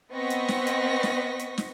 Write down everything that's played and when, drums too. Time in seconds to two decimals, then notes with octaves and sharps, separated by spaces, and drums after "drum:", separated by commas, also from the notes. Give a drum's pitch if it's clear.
0.12 B3 C4 D#5 C#6 A#6 B6
0.30 drum: hi-hat
0.48 drum: snare
0.67 drum: hi-hat
1.03 drum: snare
1.39 drum: hi-hat
1.58 drum: snare